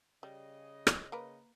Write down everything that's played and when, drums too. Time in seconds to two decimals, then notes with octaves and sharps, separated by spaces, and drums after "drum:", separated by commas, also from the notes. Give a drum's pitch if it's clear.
0.23 C#3 G3 D#5
0.87 drum: rim click
1.12 A#3 A#4 B4